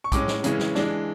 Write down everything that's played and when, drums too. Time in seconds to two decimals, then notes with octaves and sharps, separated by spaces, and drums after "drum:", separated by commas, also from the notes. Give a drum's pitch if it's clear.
0.04 C#6
0.12 A2 G#3 C#4 D6, drum: kick, hi-hat
0.28 drum: snare
0.44 C#3 E3 G#3 C#4, drum: hi-hat
0.59 drum: snare
0.75 E3 G#3 D4, drum: snare